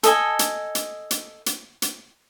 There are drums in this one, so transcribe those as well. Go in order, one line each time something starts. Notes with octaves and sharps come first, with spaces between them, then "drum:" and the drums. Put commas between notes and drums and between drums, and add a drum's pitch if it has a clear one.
A4 D#5 G#5, drum: hi-hat
drum: hi-hat
drum: hi-hat
drum: hi-hat
drum: hi-hat
drum: hi-hat